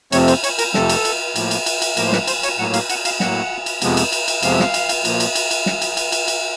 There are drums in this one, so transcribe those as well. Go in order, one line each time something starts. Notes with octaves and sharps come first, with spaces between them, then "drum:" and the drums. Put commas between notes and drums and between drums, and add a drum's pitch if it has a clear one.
F2 C3 F3 A3 C4 C#5, drum: cymbal
C5, drum: cymbal
C#5, drum: cymbal
A#4, drum: cymbal
F2 C3 F3 A3 C4 A4, drum: snare
drum: cymbal
drum: cymbal
A2 F3 A#3, drum: cymbal
drum: cymbal
drum: cymbal
drum: cymbal
A2 F3 A#3 A#4, drum: cymbal
C5
B4, drum: snare
C5, drum: cymbal
C#5, drum: cymbal
A2 F#3 A#3 F#5
F5, drum: cymbal
F#5, drum: cymbal
F5, drum: cymbal
A2 F#3 A#3 F#5, drum: snare
drum: cymbal
F2 C3 F3 G#3 B3, drum: cymbal
drum: cymbal
drum: cymbal
drum: cymbal
F2 C3 F3 G#3 B3 F5, drum: cymbal
E5
F5, drum: snare
drum: cymbal
drum: cymbal
A#2 F3 A#3, drum: cymbal
drum: cymbal
drum: cymbal
drum: cymbal
drum: snare
drum: cymbal
drum: cymbal
drum: cymbal
drum: cymbal